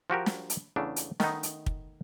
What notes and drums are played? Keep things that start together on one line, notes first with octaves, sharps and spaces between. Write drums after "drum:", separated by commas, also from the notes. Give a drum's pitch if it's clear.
F3 F#4 G4 A#4
drum: snare
drum: hi-hat
E2 C#3 A3 D4
drum: hi-hat
D#3 A3 B3 D#4, drum: snare
drum: hi-hat
drum: kick